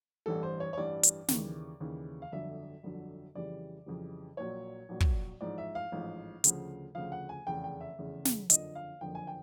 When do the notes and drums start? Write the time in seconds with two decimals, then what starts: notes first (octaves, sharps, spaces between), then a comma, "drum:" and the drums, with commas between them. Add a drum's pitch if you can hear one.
0.26 A1 G2 E3 G3 A4
0.43 C5
0.60 C#5
0.73 C#5
0.77 A1 G2 E3 G3 D5
1.03 drum: hi-hat
1.28 D#2 C#3 E3, drum: snare
1.80 D#2 C#3 E3
2.22 F5
2.32 G1 F2 D3 F#3 E5
2.83 G1 F2 D3 F#3
3.35 F2 C#3 E3 G3 D5
3.86 F2 C#3 E3 G3
4.37 A#1 A#2 F#3 C#5
4.89 A#1 A#2 F#3
5.00 drum: kick
5.41 A1 G#2 F3 D5
5.58 E5
5.75 F5
5.92 A1 G#2 F3
6.44 D2 C#3 F3, drum: hi-hat
6.95 D2 C#3 F3 F5
7.12 F#5
7.29 G#5
7.47 F1 E2 C#3 G5
7.64 G5
7.81 E5
7.98 F1 E2 C#3
8.25 drum: snare
8.50 F#1 F2 D3 F3 D#5, drum: hi-hat
8.75 F5
9.01 F#1 F2 D3 F3 G5
9.15 G#5
9.27 G5